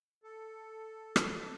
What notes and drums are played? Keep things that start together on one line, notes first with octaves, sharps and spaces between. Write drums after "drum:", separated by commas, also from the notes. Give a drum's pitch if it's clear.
A4
drum: rim click